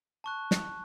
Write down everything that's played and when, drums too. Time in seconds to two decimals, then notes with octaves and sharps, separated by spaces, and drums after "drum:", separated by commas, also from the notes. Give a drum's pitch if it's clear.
0.24 A5 C#6 F#6
0.51 drum: snare